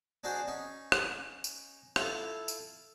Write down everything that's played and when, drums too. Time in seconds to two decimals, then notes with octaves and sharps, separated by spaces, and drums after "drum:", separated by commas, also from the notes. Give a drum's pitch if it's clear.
0.24 D4 D#4 F#4 G#4 C5
0.47 C#4 D#4
0.92 drum: rim click
1.44 drum: tambourine
1.96 E4 F4 A4, drum: rim click
2.48 drum: tambourine